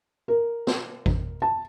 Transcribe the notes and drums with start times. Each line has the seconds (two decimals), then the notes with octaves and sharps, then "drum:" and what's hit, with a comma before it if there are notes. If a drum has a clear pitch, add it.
0.28 A#4
0.67 drum: snare
1.06 drum: kick
1.42 A5